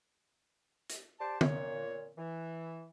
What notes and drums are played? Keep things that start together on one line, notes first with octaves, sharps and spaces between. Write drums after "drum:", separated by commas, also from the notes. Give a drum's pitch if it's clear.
drum: hi-hat
G4 C5 D5 A5
A#2 C#5, drum: tom
E3